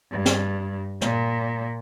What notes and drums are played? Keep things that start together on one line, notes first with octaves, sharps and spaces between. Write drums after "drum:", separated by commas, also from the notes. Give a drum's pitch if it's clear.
G2
drum: snare
A#2, drum: snare